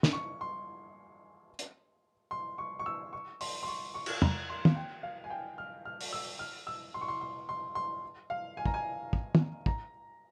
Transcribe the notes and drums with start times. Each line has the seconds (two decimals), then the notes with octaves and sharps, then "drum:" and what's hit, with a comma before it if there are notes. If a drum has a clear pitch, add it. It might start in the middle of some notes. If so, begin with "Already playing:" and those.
0.03 drum: snare
0.13 C#6
0.41 C6
1.59 drum: hi-hat
2.31 C6
2.58 C#6
2.79 C#6
2.86 E6
3.13 C#6
3.41 C6, drum: open hi-hat
3.63 C6
3.68 C#6
3.94 C#6
4.06 drum: cymbal
4.22 A#5, drum: tom
4.49 C6
4.65 F5, drum: tom
4.76 G5
5.03 F5
5.24 G#5
5.30 G5
5.58 F6
5.85 F6
6.01 drum: open hi-hat
6.13 E6
6.39 F6
6.67 E6
6.94 C6
7.01 C#6
7.08 C6
7.21 C6
7.49 C6
7.75 C6
8.30 F5
8.57 G#5
8.66 A#5, drum: kick
8.74 G#5
9.13 drum: kick
9.35 drum: tom
9.66 A#5, drum: kick